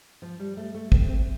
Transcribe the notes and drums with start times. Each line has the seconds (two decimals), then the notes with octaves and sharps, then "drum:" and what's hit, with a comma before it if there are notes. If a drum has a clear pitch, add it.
0.22 F3
0.40 G3
0.57 A3
0.74 A3
0.92 C4, drum: kick
1.09 C4